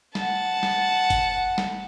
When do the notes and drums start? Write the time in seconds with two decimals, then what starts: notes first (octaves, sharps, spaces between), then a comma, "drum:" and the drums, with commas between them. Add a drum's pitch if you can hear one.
0.15 F#5 A5, drum: snare
0.63 drum: snare
1.10 drum: kick F#1, hi-hat
1.58 drum: snare